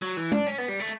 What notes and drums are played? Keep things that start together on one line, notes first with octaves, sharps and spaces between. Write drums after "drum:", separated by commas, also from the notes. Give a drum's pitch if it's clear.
F#3
E3
D4, drum: tom
C#4
B3
G3
A3